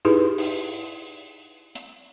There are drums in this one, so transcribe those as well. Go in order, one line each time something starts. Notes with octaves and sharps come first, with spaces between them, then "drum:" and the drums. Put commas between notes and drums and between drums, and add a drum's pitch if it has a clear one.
D#4 E4 G4 G#4 B4
drum: open hi-hat
drum: hi-hat